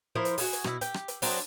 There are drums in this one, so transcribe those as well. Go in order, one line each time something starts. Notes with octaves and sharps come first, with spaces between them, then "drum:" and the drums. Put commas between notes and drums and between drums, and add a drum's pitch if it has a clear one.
F3 E4 A#4 C5
drum: hi-hat
F#4 G#4, drum: open hi-hat
drum: hi-hat
B2 E4, drum: rim click
G4, drum: hi-hat
drum: rim click
drum: hi-hat
F#3 C4 D4 D#4, drum: open hi-hat